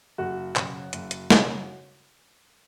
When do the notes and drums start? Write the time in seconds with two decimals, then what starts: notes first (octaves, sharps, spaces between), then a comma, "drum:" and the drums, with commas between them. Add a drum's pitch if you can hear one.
0.18 F#1 F#4
0.56 F#2 C#3, drum: clap
0.93 F#1, drum: hi-hat
1.11 drum: hi-hat
1.30 F#2 C#3, drum: snare